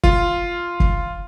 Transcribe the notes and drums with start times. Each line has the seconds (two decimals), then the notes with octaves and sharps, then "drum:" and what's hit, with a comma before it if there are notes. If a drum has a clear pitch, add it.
0.04 F4, drum: kick
0.80 drum: kick